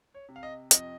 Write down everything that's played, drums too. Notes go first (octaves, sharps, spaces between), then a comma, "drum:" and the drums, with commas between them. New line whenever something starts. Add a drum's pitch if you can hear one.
C#5
C3
F5
D#5
F2 D#5, drum: hi-hat